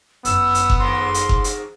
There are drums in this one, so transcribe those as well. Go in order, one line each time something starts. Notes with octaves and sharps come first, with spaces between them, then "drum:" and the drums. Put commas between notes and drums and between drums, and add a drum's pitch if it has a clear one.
G1 F#2 B3 E6, drum: hi-hat
drum: hi-hat
drum: kick F#1
F2 G#2 D#3 C6
drum: hi-hat
drum: kick F#1
drum: hi-hat